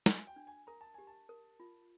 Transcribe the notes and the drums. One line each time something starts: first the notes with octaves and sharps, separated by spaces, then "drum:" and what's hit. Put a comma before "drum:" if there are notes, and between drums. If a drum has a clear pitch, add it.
F#4 G#5, drum: snare
G5
D4
G#5
A#4 A#5
A5
G4 G#5
A5
A#4
F4